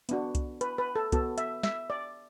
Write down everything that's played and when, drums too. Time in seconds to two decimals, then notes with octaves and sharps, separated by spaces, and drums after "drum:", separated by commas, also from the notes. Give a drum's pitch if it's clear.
0.09 B3 D4 F#4, drum: hi-hat
0.35 drum: kick C2, hi-hat
0.61 B4, drum: hi-hat
0.78 B4
0.96 A4
1.12 B3 F#4 A4, drum: kick C2, hi-hat
1.38 E5, drum: hi-hat
1.63 E5, drum: snare
1.90 D5